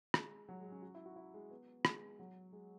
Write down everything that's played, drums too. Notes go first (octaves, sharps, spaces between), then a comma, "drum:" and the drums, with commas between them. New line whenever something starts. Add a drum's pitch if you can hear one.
G#3, drum: rim click
F#3
G#3
C#4
F#4
E4
F#4
E4
G#3
B3
G#3, drum: rim click
F#3
G#3